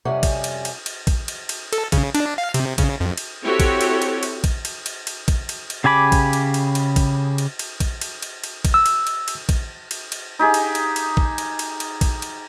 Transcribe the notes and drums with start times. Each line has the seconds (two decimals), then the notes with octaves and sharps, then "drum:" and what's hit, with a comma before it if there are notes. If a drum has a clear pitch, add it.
0.05 F2 C3 G3 C#4 F#5 G#5
0.23 drum: kick, cymbal
0.44 drum: cymbal
0.65 drum: cymbal
0.86 drum: cymbal
1.07 drum: kick, cymbal
1.28 drum: cymbal
1.49 drum: cymbal
1.73 A4, drum: cymbal
1.92 C#3, drum: kick, cymbal
2.15 D4, drum: cymbal
2.38 F5
2.54 C3, drum: cymbal
2.78 C#3, drum: kick, cymbal
3.00 F2
3.17 drum: cymbal
3.43 C4 E4 F#4 G4 A4 C#5
3.60 drum: kick, cymbal
3.81 drum: cymbal
4.02 drum: cymbal
4.23 drum: cymbal
4.44 drum: kick, cymbal
4.65 drum: cymbal
4.86 drum: cymbal
5.07 drum: cymbal
5.28 drum: kick, cymbal
5.49 drum: cymbal
5.70 drum: cymbal
5.84 C#3 G4 G#5 B5 D6
6.12 drum: kick, cymbal
6.33 drum: cymbal
6.54 drum: cymbal
6.75 drum: cymbal
6.96 drum: kick, cymbal
7.38 drum: cymbal
7.59 drum: cymbal
7.80 drum: kick, cymbal
8.01 drum: cymbal
8.22 drum: cymbal
8.44 drum: cymbal
8.65 drum: kick, cymbal
8.74 E6
8.86 drum: cymbal
9.07 drum: cymbal
9.28 drum: cymbal
9.49 drum: kick, cymbal
9.91 drum: cymbal
10.12 drum: cymbal
10.39 D#4 G4 G#4 F5
10.54 drum: cymbal
10.75 drum: cymbal
10.96 drum: cymbal
11.17 drum: kick
11.38 drum: cymbal
11.59 drum: cymbal
11.80 drum: cymbal
12.01 drum: kick, cymbal
12.22 drum: cymbal